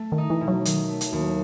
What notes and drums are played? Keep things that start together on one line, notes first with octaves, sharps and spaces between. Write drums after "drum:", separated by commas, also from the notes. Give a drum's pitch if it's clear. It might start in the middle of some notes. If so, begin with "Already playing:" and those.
Already playing: A3
D#3
D#4
E3
B2
F#3
D#3, drum: hi-hat
A3
drum: hi-hat
D#2